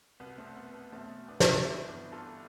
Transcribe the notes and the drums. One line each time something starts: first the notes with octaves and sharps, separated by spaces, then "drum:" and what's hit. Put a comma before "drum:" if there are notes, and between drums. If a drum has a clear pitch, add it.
C2 B2 B3
A3 C4
B3
B3
B1 B2 A3 C4
B3 D4
drum: snare
G1 G2 E3 C4 E4
B3 D4
F4 A4